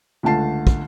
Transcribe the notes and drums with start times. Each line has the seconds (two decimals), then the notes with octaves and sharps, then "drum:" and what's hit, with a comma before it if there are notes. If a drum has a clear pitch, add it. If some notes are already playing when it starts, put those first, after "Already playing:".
0.23 C#2 D3 A3 A5 C7
0.67 drum: kick